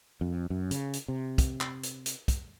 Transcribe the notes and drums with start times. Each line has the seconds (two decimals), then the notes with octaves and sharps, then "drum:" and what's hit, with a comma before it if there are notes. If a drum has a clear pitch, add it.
0.21 F2
0.50 F#2
0.71 C#3, drum: hi-hat
0.93 drum: hi-hat
1.08 C3
1.38 drum: kick, hi-hat
1.61 drum: clap
1.83 drum: hi-hat
2.06 drum: hi-hat
2.28 drum: kick, hi-hat